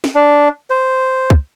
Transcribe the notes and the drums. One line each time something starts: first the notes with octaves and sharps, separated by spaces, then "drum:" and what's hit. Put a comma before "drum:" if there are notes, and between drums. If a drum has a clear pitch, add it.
drum: snare
D4
C5
drum: kick